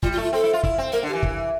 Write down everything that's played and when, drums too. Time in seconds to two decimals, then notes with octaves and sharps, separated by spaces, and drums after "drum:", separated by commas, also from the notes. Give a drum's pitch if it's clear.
0.03 G3 F4, drum: kick
0.13 F4
0.18 A3
0.23 F4
0.33 C4 A4
0.43 E4
0.53 F4
0.63 E4, drum: kick
0.78 C4
0.92 A#3 A#4
1.03 D3
1.08 G4
1.13 E3
1.23 drum: kick